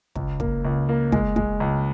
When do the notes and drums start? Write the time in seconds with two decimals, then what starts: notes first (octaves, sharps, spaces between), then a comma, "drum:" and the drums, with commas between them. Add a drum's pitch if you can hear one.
0.16 C#2, drum: kick
0.40 A#3, drum: kick
0.65 C#2
0.89 A#3
1.12 G#3, drum: kick
1.36 G#3, drum: kick
1.60 C#2